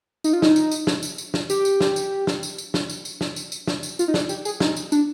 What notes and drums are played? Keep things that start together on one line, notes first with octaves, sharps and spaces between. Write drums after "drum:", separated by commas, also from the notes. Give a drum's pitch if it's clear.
D#4, drum: tambourine
F4
D#4, drum: snare
drum: tambourine
drum: tambourine
drum: snare
drum: tambourine
drum: tambourine
drum: snare
G4, drum: tambourine
drum: tambourine
drum: snare
drum: tambourine
drum: snare
drum: tambourine
drum: tambourine
drum: snare
drum: tambourine
drum: tambourine
drum: snare
drum: tambourine
drum: tambourine
drum: snare
drum: tambourine
F4, drum: tambourine
D#4
D4, drum: snare
G4, drum: tambourine
G#4, drum: tambourine
D#4, drum: snare
drum: tambourine
D4, drum: tambourine